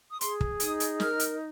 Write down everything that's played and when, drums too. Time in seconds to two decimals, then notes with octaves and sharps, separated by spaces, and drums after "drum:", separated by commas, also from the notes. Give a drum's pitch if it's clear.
0.11 D#6
0.21 G#4 C6, drum: hi-hat
0.41 drum: kick
0.60 D#4 D#6, drum: hi-hat
0.80 drum: hi-hat
1.00 A#4 F6, drum: snare
1.19 drum: hi-hat